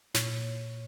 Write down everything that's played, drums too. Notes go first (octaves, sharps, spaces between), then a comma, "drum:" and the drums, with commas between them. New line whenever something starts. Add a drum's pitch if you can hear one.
A#2 C#5, drum: snare